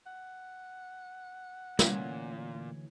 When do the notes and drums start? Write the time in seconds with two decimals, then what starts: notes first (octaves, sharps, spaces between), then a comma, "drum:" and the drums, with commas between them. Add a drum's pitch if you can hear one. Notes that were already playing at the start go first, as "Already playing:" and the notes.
0.06 F#5
1.79 D2 A#2 E3 C#4, drum: snare